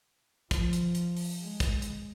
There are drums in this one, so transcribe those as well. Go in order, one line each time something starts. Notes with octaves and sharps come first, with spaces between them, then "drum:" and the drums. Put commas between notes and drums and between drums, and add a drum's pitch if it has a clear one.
F3, drum: kick, hi-hat
drum: hi-hat
drum: hi-hat
drum: open hi-hat
G#3
drum: kick, hi-hat
drum: hi-hat